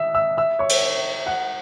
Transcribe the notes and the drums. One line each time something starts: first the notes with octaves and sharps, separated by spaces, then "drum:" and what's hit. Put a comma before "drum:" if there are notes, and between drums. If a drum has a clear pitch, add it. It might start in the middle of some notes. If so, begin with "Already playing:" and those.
Already playing: E5 E6
E5 E6
E5 E6
C#5 C#6
drum: cymbal
F#5 F#6